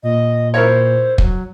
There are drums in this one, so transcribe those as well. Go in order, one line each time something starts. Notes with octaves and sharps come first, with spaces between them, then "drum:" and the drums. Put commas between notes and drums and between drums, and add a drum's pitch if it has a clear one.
A#2 D#5
E4 A#4 C5 C#5
F#3, drum: kick